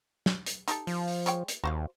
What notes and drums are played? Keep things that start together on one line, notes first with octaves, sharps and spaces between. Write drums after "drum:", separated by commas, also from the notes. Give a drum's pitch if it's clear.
drum: snare
drum: hi-hat
D#4 G4 A4, drum: hi-hat
F3, drum: open hi-hat
drum: open hi-hat
G#3 C#5 G5, drum: hi-hat
drum: hi-hat
D#2 F#4 C5 F5